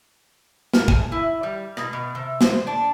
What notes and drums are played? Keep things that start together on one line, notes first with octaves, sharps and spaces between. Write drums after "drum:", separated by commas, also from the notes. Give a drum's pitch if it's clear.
A#4, drum: snare
G#5, drum: kick
E4
G3
B2, drum: rim click
B2
C3
C5, drum: snare
D4